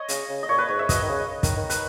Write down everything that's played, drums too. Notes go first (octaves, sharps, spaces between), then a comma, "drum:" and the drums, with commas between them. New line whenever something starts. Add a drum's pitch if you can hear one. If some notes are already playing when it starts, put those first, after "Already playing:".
Already playing: C#5 D#5
C#3, drum: hi-hat
C#3
D#5
A#2 C#5
B4
G#2 C#5
E5
B2 D#5, drum: kick, hi-hat
D#3
C#3
D#3, drum: kick, hi-hat
D#3
B4, drum: hi-hat